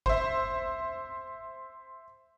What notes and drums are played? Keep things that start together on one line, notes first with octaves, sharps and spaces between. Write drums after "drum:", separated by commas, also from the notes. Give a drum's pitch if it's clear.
C5 E5, drum: kick G1